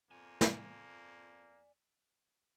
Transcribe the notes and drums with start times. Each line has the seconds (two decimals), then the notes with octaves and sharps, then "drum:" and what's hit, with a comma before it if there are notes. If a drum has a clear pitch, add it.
0.11 F2 A#3 D5 G#5
0.41 drum: snare